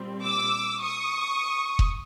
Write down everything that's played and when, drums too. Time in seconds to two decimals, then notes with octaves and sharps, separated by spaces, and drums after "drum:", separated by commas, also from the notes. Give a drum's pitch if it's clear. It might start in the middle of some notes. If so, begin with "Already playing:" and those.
Already playing: A#2 G3 C4
0.23 D6 E6
0.81 C#6 D#6
1.79 drum: kick F1